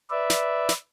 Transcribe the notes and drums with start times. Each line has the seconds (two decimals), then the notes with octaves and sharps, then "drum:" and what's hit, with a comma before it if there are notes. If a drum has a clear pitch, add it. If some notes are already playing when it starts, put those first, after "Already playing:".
0.10 B4 D5 E5
0.30 drum: snare
0.69 drum: snare